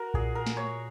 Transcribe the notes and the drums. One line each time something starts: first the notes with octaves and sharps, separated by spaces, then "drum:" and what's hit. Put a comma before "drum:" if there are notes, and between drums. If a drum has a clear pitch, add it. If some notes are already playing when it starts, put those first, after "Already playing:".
Already playing: F#4 A#4
A#2 G#4, drum: kick B1
A#4
drum: snare
C#5